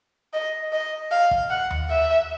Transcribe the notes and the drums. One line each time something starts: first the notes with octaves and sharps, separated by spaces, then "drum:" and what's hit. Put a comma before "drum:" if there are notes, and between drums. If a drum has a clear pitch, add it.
D#5
D#5
F5
drum: kick
F#5
drum: tom D#2
E5